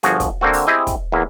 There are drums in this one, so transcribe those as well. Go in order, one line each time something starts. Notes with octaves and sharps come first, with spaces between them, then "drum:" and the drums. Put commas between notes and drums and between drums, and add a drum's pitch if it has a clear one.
G1 F3 F#4 G#4, drum: hi-hat
drum: kick, hi-hat
D3 A#3 C4 F#4
drum: open hi-hat
C4 E4 G4 G#4 D#5
drum: kick, hi-hat
E2 A#3 E5